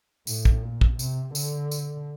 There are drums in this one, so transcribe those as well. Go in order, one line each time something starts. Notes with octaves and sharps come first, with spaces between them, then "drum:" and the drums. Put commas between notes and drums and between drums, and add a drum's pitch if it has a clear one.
A2, drum: tambourine
drum: kick
A#2
drum: kick
C3, drum: tambourine
D3, drum: tambourine
drum: tambourine